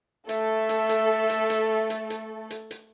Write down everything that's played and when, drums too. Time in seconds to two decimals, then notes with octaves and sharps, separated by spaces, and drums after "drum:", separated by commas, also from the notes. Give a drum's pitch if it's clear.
0.29 A3 A4 E5, drum: hi-hat
0.69 drum: hi-hat
0.89 drum: hi-hat
1.30 drum: hi-hat
1.50 drum: hi-hat
1.90 drum: hi-hat
2.10 drum: hi-hat
2.50 drum: hi-hat
2.71 drum: hi-hat